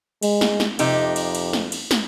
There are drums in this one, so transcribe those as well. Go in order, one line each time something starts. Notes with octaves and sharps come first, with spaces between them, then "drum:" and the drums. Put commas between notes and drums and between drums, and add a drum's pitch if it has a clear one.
G#3, drum: cymbal
drum: snare
drum: snare
F2 C3 D#4 G4, drum: cymbal
drum: cymbal
drum: cymbal
drum: snare
drum: cymbal
drum: snare